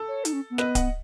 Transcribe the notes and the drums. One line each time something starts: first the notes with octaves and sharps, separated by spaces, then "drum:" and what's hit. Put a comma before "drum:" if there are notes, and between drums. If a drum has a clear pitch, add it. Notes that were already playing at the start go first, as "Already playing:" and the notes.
Already playing: A4
C#5
D#4, drum: hi-hat
C#4
B3
B4 D#5, drum: snare
D#5 F#5, drum: kick D1, hi-hat